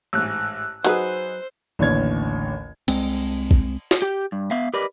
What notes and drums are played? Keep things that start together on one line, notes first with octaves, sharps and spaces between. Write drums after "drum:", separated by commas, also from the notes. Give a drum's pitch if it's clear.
A1 G#2 E6 F#6
F#3 D#4 G#4 B4 C5, drum: hi-hat
A1 D#2 D3 C#5 G#6
C2 G#3 C4, drum: cymbal
drum: kick
drum: snare
G4 G5
G2
B3 E5 F5
G4 A#4 B4 D5 D#5